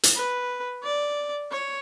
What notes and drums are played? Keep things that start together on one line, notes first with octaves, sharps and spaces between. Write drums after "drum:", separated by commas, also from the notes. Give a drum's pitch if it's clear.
drum: hi-hat
B4
D5
C#5